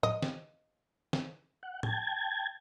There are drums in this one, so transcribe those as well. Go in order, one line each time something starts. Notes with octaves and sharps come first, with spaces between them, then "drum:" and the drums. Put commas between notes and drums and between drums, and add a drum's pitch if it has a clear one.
D#5, drum: tom A2
drum: snare
drum: snare
F#5
G5 A5 G#6, drum: tom A2